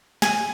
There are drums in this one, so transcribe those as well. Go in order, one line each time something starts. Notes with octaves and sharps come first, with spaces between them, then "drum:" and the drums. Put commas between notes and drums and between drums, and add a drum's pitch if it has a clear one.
G#5, drum: snare